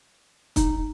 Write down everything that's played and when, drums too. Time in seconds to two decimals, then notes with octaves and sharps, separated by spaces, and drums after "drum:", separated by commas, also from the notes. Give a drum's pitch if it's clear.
0.56 D#4, drum: kick, hi-hat